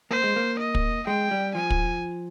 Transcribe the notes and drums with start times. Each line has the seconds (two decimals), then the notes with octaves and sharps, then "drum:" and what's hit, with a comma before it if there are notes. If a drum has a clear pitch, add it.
0.11 A#3 C5
0.24 G#3
0.36 A#3
0.59 D#5
0.75 drum: kick
1.07 G#3 G5
1.31 G3
1.54 F3 G#5
1.70 drum: kick